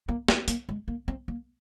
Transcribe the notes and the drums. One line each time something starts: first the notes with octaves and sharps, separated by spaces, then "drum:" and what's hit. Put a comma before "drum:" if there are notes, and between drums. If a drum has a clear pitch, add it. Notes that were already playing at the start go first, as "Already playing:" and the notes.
A#3
C4, drum: snare
A#3, drum: hi-hat
G#3
A#3
C4
A#3